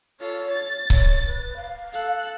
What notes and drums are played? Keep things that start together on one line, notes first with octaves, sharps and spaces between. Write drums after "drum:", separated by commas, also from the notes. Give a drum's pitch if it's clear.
F4 A4 C#5
A6
C#5, drum: kick C#1
B4
F5
A4 F#6